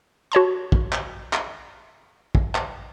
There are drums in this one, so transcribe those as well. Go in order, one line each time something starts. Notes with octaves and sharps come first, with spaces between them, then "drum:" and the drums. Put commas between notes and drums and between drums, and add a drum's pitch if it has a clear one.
F#4 C#5 A5 C6
drum: kick
drum: clap
drum: clap
drum: kick
drum: clap